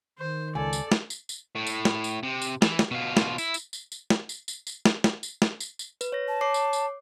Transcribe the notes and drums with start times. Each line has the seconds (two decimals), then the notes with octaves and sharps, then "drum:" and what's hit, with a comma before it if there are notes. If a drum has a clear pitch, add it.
0.19 D#3 C5
0.55 C#2 A4 D5 G#5
0.73 drum: tambourine
0.92 drum: snare
1.10 drum: tambourine
1.29 drum: tambourine
1.56 A2
1.67 drum: tambourine
1.85 drum: snare
2.04 drum: tambourine
2.23 C3
2.42 drum: tambourine
2.62 E3, drum: snare
2.79 drum: snare
2.91 B2 F4
3.17 drum: snare
3.38 E4, drum: tambourine
3.54 drum: tambourine
3.73 drum: tambourine
3.92 drum: tambourine
4.10 drum: snare
4.29 drum: tambourine
4.48 drum: tambourine
4.67 drum: tambourine
4.85 drum: snare
5.04 drum: snare
5.23 drum: tambourine
5.42 drum: snare
5.60 drum: tambourine
5.79 drum: tambourine
6.01 B4, drum: tambourine
6.12 C#5 A#6
6.28 A5
6.41 C#5 D6 C7
6.54 drum: tambourine
6.73 drum: tambourine